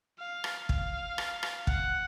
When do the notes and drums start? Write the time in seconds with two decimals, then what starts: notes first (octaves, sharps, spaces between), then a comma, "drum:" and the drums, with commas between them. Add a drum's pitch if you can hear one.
0.19 F5
0.44 drum: rim click
0.69 F5, drum: kick
1.18 drum: rim click
1.43 drum: rim click
1.67 F#5, drum: kick